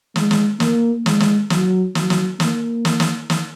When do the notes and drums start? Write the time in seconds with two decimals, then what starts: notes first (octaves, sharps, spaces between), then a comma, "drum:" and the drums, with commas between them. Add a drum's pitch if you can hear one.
0.16 G#3, drum: snare
0.31 drum: snare
0.60 A#3, drum: snare
1.06 G#3, drum: snare
1.20 drum: snare
1.50 F#3, drum: snare
1.95 F#3, drum: snare
2.10 drum: snare
2.40 A#3, drum: snare
2.85 drum: snare
3.00 drum: snare
3.30 drum: snare